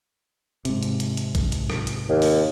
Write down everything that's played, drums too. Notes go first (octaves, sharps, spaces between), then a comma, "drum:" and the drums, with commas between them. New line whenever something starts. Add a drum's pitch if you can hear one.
G#2 C3, drum: hi-hat
drum: hi-hat
drum: hi-hat
drum: hi-hat
drum: kick A#1, hi-hat
drum: hi-hat
drum: rim click
drum: hi-hat
D#2
drum: open hi-hat